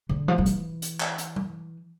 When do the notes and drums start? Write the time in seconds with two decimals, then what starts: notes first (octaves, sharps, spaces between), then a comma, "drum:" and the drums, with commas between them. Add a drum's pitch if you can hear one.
0.09 D3
0.28 F3
0.38 F3
0.46 E3, drum: hi-hat
0.82 drum: hi-hat
1.00 drum: clap
1.18 drum: hi-hat
1.36 drum: tom